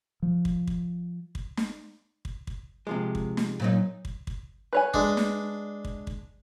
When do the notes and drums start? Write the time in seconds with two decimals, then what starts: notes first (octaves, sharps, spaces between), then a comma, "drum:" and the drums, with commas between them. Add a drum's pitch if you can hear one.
0.22 F3
0.45 drum: kick
0.67 drum: kick
1.35 drum: kick
1.57 drum: snare
2.25 drum: kick
2.47 drum: kick
2.87 C3 F3 G#3
3.15 drum: kick
3.37 drum: snare
3.60 A#2 F#3 C4 D#4
4.05 drum: kick
4.27 drum: kick
4.73 B4 C#5 G#5
4.94 G#3 D4, drum: kick
5.17 drum: snare
5.85 drum: kick
6.07 drum: kick